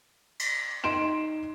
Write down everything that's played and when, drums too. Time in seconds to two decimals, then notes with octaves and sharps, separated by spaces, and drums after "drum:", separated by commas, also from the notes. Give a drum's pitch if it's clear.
0.39 drum: cymbal
0.84 D#4 C6 D7 E7